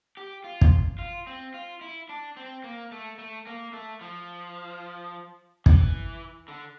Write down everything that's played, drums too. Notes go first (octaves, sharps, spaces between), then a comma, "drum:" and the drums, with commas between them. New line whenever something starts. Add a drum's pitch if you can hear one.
G4
F4
drum: kick
F4
C4
F4
E4
D4
C4
A#3
A3
A3
A#3
A3
F3
E3, drum: kick
D3